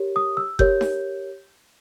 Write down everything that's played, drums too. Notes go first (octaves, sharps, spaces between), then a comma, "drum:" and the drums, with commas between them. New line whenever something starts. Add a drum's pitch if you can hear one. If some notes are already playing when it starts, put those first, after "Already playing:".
Already playing: G4 A#4 C#5
D#6
E6
G4 A#4 C#5 G6, drum: kick F#1
drum: snare D#4